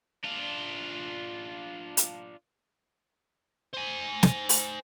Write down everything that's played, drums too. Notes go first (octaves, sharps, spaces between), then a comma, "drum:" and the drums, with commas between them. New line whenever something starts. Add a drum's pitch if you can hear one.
D4 F4
drum: hi-hat
C5 G#5
drum: snare
drum: open hi-hat